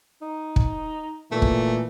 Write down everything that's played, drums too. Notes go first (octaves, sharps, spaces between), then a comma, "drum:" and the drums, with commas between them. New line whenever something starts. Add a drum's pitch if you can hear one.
D#4
drum: kick
A#2 E3 A3
drum: kick